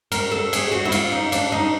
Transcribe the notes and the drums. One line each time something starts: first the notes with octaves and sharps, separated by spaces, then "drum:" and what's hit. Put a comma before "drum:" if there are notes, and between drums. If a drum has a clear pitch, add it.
A#4, drum: cymbal
A4
G#4, drum: cymbal
F#4
E4
F4, drum: cymbal
D#4
D4, drum: cymbal
D#4